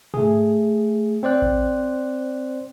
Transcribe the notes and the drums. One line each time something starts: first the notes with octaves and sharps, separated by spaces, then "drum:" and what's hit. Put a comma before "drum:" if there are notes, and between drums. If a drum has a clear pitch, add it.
A3 G#4, drum: tom G#2
C4 C5 D5 F#6
drum: kick A1